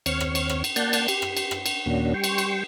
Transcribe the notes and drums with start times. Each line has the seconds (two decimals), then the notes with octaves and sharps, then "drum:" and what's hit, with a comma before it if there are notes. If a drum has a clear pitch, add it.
0.06 D#2 C4 C#5 C#6 F6, drum: cymbal
0.20 drum: rim click
0.35 drum: cymbal
0.49 drum: rim click
0.64 drum: cymbal
0.76 A#3 D5 F#5 A5 G6, drum: cymbal
0.93 drum: cymbal
1.08 G4, drum: cymbal
1.22 drum: rim click
1.37 drum: cymbal
1.51 drum: rim click
1.66 drum: cymbal
1.86 D#2 A#2 A#3 C#4 D4 F#4
2.14 G3 G5 C6 C#6
2.24 drum: cymbal
2.38 drum: cymbal